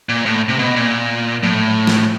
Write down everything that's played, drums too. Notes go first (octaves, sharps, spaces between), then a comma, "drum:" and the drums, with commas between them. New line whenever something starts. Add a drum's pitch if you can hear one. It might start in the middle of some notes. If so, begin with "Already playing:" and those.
A#2
A2
C3
B2
A#2
A2, drum: tom F3
drum: snare